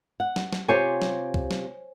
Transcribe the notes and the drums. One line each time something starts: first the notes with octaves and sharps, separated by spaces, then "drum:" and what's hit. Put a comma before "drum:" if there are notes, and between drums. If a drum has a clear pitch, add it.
F#5
drum: snare
drum: snare
C3 F4 G4 C5 C#5 G#5
drum: snare
drum: kick C2
drum: snare